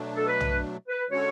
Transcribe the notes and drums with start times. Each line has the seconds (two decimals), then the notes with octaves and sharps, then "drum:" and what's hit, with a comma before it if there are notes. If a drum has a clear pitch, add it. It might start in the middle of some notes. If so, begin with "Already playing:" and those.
Already playing: B2 F#3 A3 D4
0.15 A4
0.27 B4
0.40 drum: tom B1
0.88 B4
1.09 D3 G#3 C#4 F#4 A4 C#5